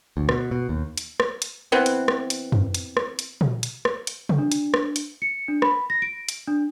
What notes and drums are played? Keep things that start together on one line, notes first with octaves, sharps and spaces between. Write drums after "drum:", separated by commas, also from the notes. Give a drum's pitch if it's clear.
D2
B2, drum: rim click
B2
D#2
drum: hi-hat
drum: rim click
drum: hi-hat
E3 B3 C4
drum: hi-hat
drum: rim click
drum: hi-hat
drum: tom F2
drum: hi-hat
drum: rim click
drum: hi-hat
drum: tom A#2
drum: hi-hat
drum: rim click
drum: hi-hat
drum: tom C3
D4
drum: hi-hat
drum: rim click
drum: hi-hat
C#7
D4
B5, drum: rim click
A#6
D7
drum: hi-hat
D4